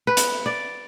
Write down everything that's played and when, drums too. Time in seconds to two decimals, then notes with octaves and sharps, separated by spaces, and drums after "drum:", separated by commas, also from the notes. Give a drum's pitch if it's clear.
0.07 B4
0.17 drum: hi-hat
0.46 D5